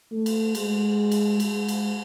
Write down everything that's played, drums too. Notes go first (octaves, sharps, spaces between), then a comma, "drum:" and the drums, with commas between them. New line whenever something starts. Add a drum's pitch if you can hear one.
A3
drum: cymbal
G#3, drum: cymbal
drum: cymbal
G#3, drum: cymbal
drum: cymbal